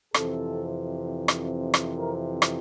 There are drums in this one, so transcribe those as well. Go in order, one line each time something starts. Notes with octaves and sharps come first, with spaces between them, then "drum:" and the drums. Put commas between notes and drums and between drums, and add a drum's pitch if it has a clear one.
F2 C3 E3 A4, drum: rim click
drum: rim click
drum: rim click
A#4
drum: rim click